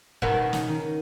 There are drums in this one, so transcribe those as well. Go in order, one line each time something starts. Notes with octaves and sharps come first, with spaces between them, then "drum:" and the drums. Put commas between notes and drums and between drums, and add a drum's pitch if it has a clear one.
B2 D#3 D#4, drum: kick
C#4
B3
C#3 C#4, drum: snare
D#3 D#4